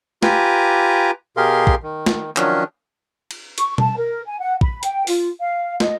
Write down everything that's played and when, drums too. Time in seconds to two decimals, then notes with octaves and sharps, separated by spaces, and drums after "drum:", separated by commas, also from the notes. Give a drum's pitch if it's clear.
0.23 F4 G4 B4 G#5 A#5 D6, drum: snare
1.37 B2 G4 G#4 A#4 F5 C6
1.67 drum: kick
1.83 D#3
2.06 drum: snare
2.37 D#3 F3 F#3 C#4 D4, drum: clap
3.31 drum: cymbal
3.58 C#6, drum: hi-hat
3.78 A5, drum: tom B2
3.97 A#4
4.25 G#5
4.40 F#5
4.61 B5, drum: kick
4.83 G5, drum: hi-hat
5.07 F4, drum: open hi-hat
5.40 F5
5.80 D#5, drum: snare